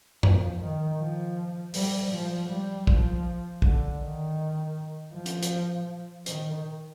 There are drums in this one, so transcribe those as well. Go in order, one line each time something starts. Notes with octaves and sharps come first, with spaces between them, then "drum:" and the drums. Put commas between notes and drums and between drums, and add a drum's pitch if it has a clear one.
F3, drum: tom F#2
D#3
F3
G3, drum: open hi-hat
F3
G3
F3, drum: kick
D3, drum: kick
D#3
F3
drum: hi-hat
drum: hi-hat
D#3, drum: hi-hat